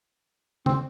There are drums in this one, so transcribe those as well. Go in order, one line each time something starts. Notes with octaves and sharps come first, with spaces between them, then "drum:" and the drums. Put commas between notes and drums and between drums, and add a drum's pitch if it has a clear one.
C4, drum: tom